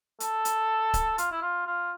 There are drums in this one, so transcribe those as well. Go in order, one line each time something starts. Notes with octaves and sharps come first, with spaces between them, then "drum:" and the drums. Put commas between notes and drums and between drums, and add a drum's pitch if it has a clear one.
A4, drum: hi-hat
drum: hi-hat
drum: kick C#1, hi-hat
F4, drum: hi-hat
E4
F4
F4